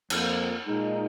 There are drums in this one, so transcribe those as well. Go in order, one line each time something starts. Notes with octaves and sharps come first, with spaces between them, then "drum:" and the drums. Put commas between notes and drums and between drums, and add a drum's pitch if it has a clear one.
F2 F3 A#3, drum: cymbal
A#2 G#3 D#4